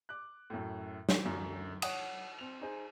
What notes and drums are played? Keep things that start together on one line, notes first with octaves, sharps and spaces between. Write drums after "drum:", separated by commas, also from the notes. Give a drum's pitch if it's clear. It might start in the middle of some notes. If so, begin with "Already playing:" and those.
D6 F#6
F#2 A2
drum: snare
F#2 D3
C#5 F#5 D#6, drum: cymbal
C4 F7
D#4 G#4 C5